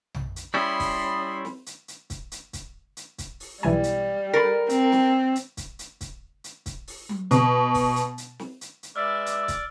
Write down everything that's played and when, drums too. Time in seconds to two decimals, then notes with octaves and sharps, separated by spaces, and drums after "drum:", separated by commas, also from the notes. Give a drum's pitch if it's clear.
0.14 drum: tom A#1
0.36 drum: hi-hat
0.54 G3 C#4 E4 B5 C6 D#6
0.80 drum: kick, open hi-hat
1.45 drum: snare
1.66 drum: hi-hat
1.88 drum: hi-hat
2.10 drum: kick, hi-hat
2.32 drum: hi-hat
2.53 drum: kick, hi-hat
2.97 drum: hi-hat
3.18 drum: kick, hi-hat
3.40 drum: open hi-hat
3.63 B1 E3 G3 G#5
3.84 drum: hi-hat
4.34 A#4 B5 A6
4.69 C4, drum: hi-hat
4.92 drum: snare
5.35 drum: hi-hat
5.57 drum: kick, hi-hat
5.79 drum: hi-hat
6.01 drum: kick, hi-hat
6.44 drum: hi-hat
6.66 drum: kick, hi-hat
6.87 drum: open hi-hat
7.09 drum: tom F#3
7.31 B2, drum: hi-hat
7.74 drum: kick, open hi-hat
7.96 drum: hi-hat
8.18 drum: hi-hat
8.39 drum: snare
8.61 drum: hi-hat
8.83 drum: hi-hat
8.96 G#3 B4 D5 E5 D6 E6 F6
9.26 drum: hi-hat
9.48 drum: kick, hi-hat